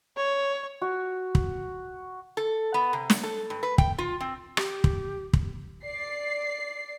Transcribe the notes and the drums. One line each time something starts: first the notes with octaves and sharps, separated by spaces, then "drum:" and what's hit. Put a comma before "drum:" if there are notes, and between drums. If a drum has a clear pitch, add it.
C#5
F#4
drum: kick
A4
B3
C3
drum: snare
A4
G2
B4
G5, drum: kick
F4
C4
G4, drum: rim click
drum: kick
drum: kick
D5 C7